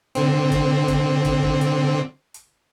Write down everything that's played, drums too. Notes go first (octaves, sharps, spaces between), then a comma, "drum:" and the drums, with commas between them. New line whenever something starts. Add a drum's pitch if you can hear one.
D3 C4, drum: hi-hat
drum: kick, hi-hat
drum: kick, hi-hat
drum: kick, hi-hat
drum: kick
drum: hi-hat
drum: hi-hat